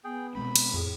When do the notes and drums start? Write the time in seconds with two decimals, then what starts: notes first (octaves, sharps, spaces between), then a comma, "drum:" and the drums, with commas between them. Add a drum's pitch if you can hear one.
0.04 B3 G#4 G5
0.35 B2 G#3 C4 B5
0.56 drum: cymbal
0.74 F2 A2 G#4